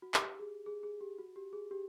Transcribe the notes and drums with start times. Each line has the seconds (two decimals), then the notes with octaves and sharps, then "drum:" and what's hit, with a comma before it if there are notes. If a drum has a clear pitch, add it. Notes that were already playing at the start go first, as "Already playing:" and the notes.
0.02 F#4
0.14 G4, drum: clap
0.39 G#4
0.66 G#4
0.83 G#4
1.01 G4
1.18 F#4
1.36 G4
1.53 G#4
1.71 G4